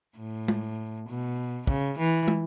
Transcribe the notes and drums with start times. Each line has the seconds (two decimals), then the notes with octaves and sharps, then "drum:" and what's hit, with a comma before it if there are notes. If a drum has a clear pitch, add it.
0.18 A2
0.48 drum: tom
1.08 B2
1.67 C#3, drum: kick
1.98 E3
2.28 drum: tom